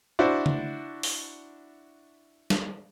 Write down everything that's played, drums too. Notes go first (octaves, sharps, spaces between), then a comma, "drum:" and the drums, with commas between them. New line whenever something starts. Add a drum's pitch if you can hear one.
D4 E4 F#4 C5 D5
drum: tom C#3
drum: open hi-hat
drum: snare